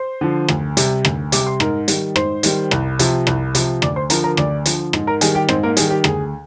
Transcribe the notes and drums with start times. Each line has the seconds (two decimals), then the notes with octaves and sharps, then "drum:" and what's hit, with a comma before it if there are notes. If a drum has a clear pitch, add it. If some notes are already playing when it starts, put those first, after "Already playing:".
Already playing: C5 C6
0.21 D3 F3
0.48 D2, drum: rim click
0.77 C3 G3, drum: hi-hat
1.05 D2, drum: rim click
1.32 C3 G3 D6, drum: hi-hat
1.47 C6
1.60 G#2 A#4 A#5, drum: rim click
1.88 D#3 G3, drum: hi-hat
2.16 G#2 C5 C6, drum: rim click
2.43 D#3 G3, drum: hi-hat
2.71 C2, drum: rim click
2.99 C3 F3, drum: hi-hat
3.27 C2, drum: rim click
3.55 C3 F3, drum: hi-hat
3.82 D2 D5 D6, drum: rim click
3.96 C5 C6
4.10 D3 F3 A#4 A#5, drum: hi-hat
4.24 A#4 A#5
4.37 D2 D5 D6, drum: rim click
4.66 D3 F3, drum: hi-hat
4.93 G#2, drum: rim click
5.07 A#4 A#5
5.21 D#3 G3 G#4 G#5, drum: hi-hat
5.35 G4 G5
5.49 G#2 C4 C5, drum: rim click
5.63 A#3 A#4
5.77 D#3 G3 G#4, drum: hi-hat
5.91 G4
6.04 D2 G#4, drum: rim click